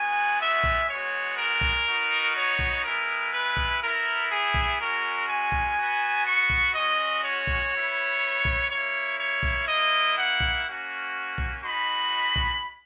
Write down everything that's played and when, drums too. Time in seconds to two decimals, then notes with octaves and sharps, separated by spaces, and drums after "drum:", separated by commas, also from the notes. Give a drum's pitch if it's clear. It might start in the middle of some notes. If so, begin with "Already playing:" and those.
Already playing: G#3 B3 F#4 G#5
0.39 E5
0.64 drum: kick
0.89 G#3 B3 F#4 C#5
1.37 A#4
1.61 drum: kick
1.85 B3 D#4 F#4
2.35 C#5
2.59 drum: kick
2.83 G#3 B3 E4 A#4
3.32 B4
3.57 drum: kick
3.81 B3 E4 A#4
4.30 G#4
4.54 drum: kick
4.78 G#3 C#4 F#4 A#4
5.28 G#5
5.52 drum: kick
5.77 B3 F#4
6.25 C#6
6.50 drum: kick
6.74 G#3 C#4 F#4 D#5
7.23 C#5
7.47 drum: kick
7.72 B3 E4
8.45 drum: kick
8.69 A#3 E4 C#5
9.18 C#5
9.43 drum: kick
9.67 A#3 E4 D#5
10.17 F#5
10.40 drum: kick
10.65 A#3 C#4 F#4
11.38 drum: kick
11.62 G#3 D#4 F#4 B5
12.36 drum: kick